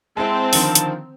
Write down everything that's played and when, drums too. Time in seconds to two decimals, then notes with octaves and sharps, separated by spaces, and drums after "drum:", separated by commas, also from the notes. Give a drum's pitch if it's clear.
0.17 G#3 C4 E4 A5
0.53 D3 D#3 F3, drum: open hi-hat
0.75 drum: hi-hat